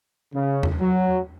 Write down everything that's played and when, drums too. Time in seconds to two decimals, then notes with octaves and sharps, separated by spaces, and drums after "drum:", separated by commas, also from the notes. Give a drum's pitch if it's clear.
0.35 C#3
0.63 drum: tom E2
0.81 F#3